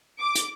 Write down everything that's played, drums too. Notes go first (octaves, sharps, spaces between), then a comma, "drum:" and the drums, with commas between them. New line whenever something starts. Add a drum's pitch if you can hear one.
D6
drum: hi-hat